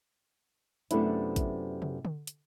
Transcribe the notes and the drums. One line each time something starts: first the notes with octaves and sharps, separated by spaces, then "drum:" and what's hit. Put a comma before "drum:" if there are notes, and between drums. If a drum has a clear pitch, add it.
F#2 C3 A3 B3 D4 E4, drum: hi-hat
drum: kick G#1, hi-hat
drum: tom
drum: tom D3
drum: hi-hat